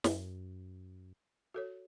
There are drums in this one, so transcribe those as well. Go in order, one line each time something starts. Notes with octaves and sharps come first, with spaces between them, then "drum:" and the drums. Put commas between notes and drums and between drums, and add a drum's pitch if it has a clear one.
F#2, drum: snare
F#4 A4 C#5